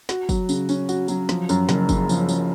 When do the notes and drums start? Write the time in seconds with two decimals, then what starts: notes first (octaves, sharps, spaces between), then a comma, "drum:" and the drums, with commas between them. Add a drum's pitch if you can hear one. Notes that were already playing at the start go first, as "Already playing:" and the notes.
0.09 F#4, drum: snare
0.29 F#3, drum: kick, tambourine
0.49 C#3, drum: tambourine
0.69 C#4, drum: tambourine
0.89 F#4, drum: tambourine
1.08 F#3, drum: tambourine
1.29 F3, drum: snare
1.49 F#2, drum: tambourine
1.69 F#1, drum: snare
1.89 C#3, drum: kick, tambourine
2.09 F3, drum: tambourine
2.29 F#2, drum: tambourine